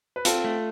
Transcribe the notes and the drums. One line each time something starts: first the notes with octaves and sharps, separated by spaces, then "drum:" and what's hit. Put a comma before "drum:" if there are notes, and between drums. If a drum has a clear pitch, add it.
B4
C4 F4 A4, drum: hi-hat
A3